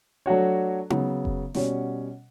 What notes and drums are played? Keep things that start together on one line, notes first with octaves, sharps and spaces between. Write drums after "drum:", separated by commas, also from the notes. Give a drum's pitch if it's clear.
F#3 A3 D4 F#4 C#5
C#3 F#3 B3, drum: tom D#4
drum: kick F1
B2 G3 C#4 F#4 C#5, drum: snare